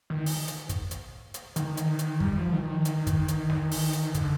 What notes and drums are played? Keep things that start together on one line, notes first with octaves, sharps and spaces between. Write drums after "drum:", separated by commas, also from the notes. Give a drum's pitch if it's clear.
D#3
drum: open hi-hat
drum: hi-hat
drum: kick, hi-hat
drum: hi-hat
drum: hi-hat
D#3, drum: hi-hat
drum: hi-hat
drum: hi-hat
G3, drum: kick
F3
D#3
D#3
drum: hi-hat
drum: kick, hi-hat
drum: hi-hat
drum: snare
drum: open hi-hat
drum: hi-hat
D3, drum: kick, hi-hat